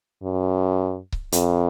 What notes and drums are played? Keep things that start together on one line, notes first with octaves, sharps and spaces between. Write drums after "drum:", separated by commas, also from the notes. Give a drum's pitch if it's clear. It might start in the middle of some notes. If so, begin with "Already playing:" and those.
F#2
drum: kick C#1
F2, drum: hi-hat